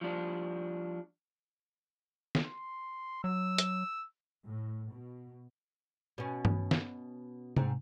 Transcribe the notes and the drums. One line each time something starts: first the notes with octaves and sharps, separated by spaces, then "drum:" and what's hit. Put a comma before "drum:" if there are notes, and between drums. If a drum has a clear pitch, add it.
F3 G3 D4
drum: snare
C6
F#3 E6
drum: hi-hat
A2
B2
B2 C#4
drum: tom G2
drum: snare
G#2 C4, drum: tom C3